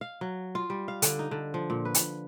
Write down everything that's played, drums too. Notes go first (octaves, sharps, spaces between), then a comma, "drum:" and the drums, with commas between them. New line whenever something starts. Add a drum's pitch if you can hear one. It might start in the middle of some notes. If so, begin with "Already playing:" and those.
F5
F#3
F4
G3
F5
D3, drum: hi-hat
D#4
D3
F3
A#2
B4
drum: hi-hat